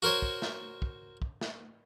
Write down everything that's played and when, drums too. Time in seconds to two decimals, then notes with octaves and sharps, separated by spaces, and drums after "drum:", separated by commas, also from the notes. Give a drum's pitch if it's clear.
0.02 F#4 A#4 C5 C#5
0.22 drum: kick
0.42 drum: snare
0.82 drum: kick
1.22 drum: kick
1.41 drum: snare